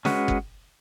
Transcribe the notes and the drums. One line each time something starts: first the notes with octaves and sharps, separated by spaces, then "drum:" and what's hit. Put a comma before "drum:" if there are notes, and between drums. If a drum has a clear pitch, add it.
G#3 C#4 F#4 B4, drum: snare
drum: kick G1